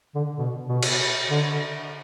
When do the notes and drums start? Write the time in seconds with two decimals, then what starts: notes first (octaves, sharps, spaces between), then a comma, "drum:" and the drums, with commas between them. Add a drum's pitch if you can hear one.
0.15 D3
0.38 B2
0.69 B2
0.83 drum: cymbal
1.30 D3